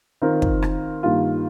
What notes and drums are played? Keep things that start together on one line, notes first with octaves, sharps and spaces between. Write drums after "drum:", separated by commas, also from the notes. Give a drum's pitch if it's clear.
D#3 C4 F4 A#4
drum: kick
drum: rim click
G2 D#3 A#3 F4